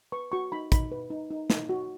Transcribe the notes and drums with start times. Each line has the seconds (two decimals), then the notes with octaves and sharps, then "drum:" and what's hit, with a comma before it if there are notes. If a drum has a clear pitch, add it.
0.12 B4 C#6
0.32 F#4 C#6
0.52 D#4 B5
0.72 D#4 B5, drum: kick, hi-hat
0.92 B4
1.11 D#4
1.31 D#4
1.50 D#4, drum: snare
1.69 F#4